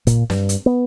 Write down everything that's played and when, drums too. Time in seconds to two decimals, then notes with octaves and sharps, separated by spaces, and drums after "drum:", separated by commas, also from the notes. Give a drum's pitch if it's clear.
0.07 A#2, drum: kick, hi-hat
0.30 G2, drum: snare
0.49 drum: hi-hat
0.66 B3